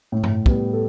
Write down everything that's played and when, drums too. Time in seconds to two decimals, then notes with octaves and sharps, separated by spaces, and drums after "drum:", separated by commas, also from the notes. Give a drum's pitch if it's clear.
0.12 A2
0.23 drum: tom G2
0.46 G3 B3, drum: kick
0.73 A4